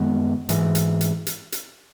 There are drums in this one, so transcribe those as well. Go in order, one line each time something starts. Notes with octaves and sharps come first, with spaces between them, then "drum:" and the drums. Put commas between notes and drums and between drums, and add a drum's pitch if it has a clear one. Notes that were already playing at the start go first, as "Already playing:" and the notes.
Already playing: F#2 D#3 G#3 B3
G#2 E3 G#3, drum: hi-hat
drum: hi-hat
drum: hi-hat
drum: hi-hat
drum: hi-hat